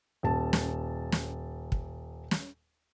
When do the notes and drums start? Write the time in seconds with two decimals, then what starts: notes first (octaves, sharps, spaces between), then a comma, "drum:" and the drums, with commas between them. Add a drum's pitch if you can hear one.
0.23 D#1 A5
0.53 drum: snare
1.12 drum: snare
1.72 drum: kick
2.31 drum: snare